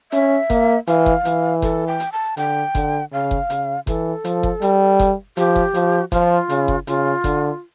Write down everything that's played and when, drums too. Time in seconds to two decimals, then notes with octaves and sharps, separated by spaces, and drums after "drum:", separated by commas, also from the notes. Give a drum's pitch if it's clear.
0.12 C#4 E5, drum: hi-hat
0.50 A#3, drum: kick F#1, hi-hat
0.87 E3 F5, drum: hi-hat
1.06 drum: kick F#1
1.25 E3, drum: hi-hat
1.62 A4, drum: kick F#1, hi-hat
1.87 G5
2.00 drum: hi-hat
2.12 A5
2.37 D3 G5, drum: hi-hat
2.75 D3, drum: kick F#1, hi-hat
3.12 C#3 F5
3.31 drum: kick F#1
3.50 C#3, drum: hi-hat
3.87 E3 A4, drum: kick F#1, hi-hat
4.25 F3, drum: hi-hat
4.43 drum: kick F#1
4.62 G3, drum: hi-hat
4.99 drum: kick F#1, hi-hat
5.37 F3 G4, drum: hi-hat
5.56 drum: kick F#1
5.74 F3, drum: hi-hat
6.12 F3 F4, drum: kick F#1, hi-hat
6.49 C#3, drum: hi-hat
6.68 drum: kick F#1
6.87 C#3 F4, drum: hi-hat
7.24 D3, drum: kick F#1, hi-hat